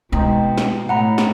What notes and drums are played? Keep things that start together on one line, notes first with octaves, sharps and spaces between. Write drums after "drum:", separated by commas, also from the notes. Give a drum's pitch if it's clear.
B2 G#3 B3 C4 D#4 C5
drum: snare
A2 F#5 A#5 B5
drum: snare